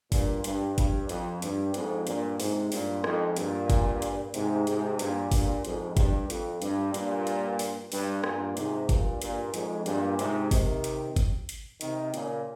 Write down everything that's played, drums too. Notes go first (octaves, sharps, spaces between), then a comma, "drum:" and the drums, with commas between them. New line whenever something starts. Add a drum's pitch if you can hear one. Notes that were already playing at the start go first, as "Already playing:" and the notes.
G2 A#2, drum: kick G1, open hi-hat
G2, drum: hi-hat
G2, drum: kick G1, hi-hat
F2, drum: hi-hat
G2, drum: hi-hat
F2 G#2, drum: hi-hat
G2 A#2, drum: hi-hat
G#2 C3, drum: open hi-hat
G2 A#2, drum: open hi-hat
F2 G#2, drum: rim click
G2 A#2, drum: hi-hat
drum: kick G1, hi-hat
drum: hi-hat
G#2 C3, drum: hi-hat
G#2 C3, drum: hi-hat
G2 A#2, drum: hi-hat
G2 A#2, drum: kick G1, open hi-hat
F2 G#2, drum: hi-hat
G2, drum: kick G1, hi-hat
F2, drum: hi-hat
G2, drum: hi-hat
G2 A#2, drum: hi-hat
drum: hi-hat
drum: open hi-hat
G2, drum: open hi-hat
G2 A#2, drum: rim click
G#2 C3, drum: hi-hat
G2 A#2, drum: kick G1, hi-hat
G2 A#2, drum: hi-hat
F2 G#2, drum: hi-hat
G2 A#2, drum: hi-hat
G#2 C3, drum: hi-hat
C3 D#3, drum: kick G1, open hi-hat
drum: hi-hat
drum: kick G1, hi-hat
drum: hi-hat
C3 D#3, drum: hi-hat
A#2 C#3, drum: hi-hat